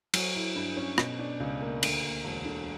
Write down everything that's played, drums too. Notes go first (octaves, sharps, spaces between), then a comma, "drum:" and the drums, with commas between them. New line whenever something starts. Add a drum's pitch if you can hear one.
F#3, drum: cymbal
E4
G2
C#4
B2, drum: rim click
D4
C#2
A#3
D2, drum: cymbal
A#3
E1
D3